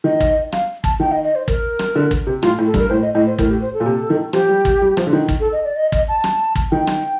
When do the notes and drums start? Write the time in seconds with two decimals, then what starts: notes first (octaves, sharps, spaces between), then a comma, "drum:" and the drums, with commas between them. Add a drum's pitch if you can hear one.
0.04 D#3 D#5
0.20 drum: kick
0.52 F5, drum: rim click
0.84 A5, drum: kick
1.00 D#3 G5
1.12 D#5
1.24 D#5
1.35 C5
1.48 A#4, drum: kick
1.79 drum: rim click
1.95 D3
2.11 drum: kick
2.27 C3
2.43 A2 F4, drum: rim click
2.58 A2
2.66 A4
2.74 G2, drum: kick
2.78 A#4
2.90 A2 C5
3.02 D#5
3.14 A2 D#5
3.26 C5
3.38 A2 A#4, drum: kick
3.49 G4
3.61 C5
3.74 A4
3.80 A#2
3.86 C3
4.10 D#3
4.33 F3 G4, drum: rim click
4.49 G3
4.65 drum: kick
4.81 G3
4.97 F3, drum: rim click
5.07 D3
5.13 D#3
5.28 drum: kick
5.40 A4
5.52 D#5
5.64 D5
5.76 D#5
5.92 D#5, drum: kick
6.08 A5
6.24 drum: rim click
6.55 drum: kick
6.71 D#3 G5
6.87 drum: rim click